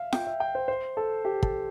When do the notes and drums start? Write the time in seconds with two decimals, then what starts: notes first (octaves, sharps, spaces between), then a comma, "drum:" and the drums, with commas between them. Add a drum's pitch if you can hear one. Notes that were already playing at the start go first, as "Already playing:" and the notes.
Already playing: E5 F5
0.13 G5, drum: snare F4
0.27 E5
0.40 G5
0.55 C5
0.68 C5
0.97 A4
1.25 G4
1.43 A4, drum: kick